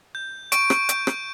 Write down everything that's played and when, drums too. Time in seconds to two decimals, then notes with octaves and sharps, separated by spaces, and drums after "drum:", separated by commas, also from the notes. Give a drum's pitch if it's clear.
0.15 G6
0.52 C#6 D7, drum: hi-hat
0.70 drum: rim click
0.89 G6, drum: hi-hat
1.07 drum: rim click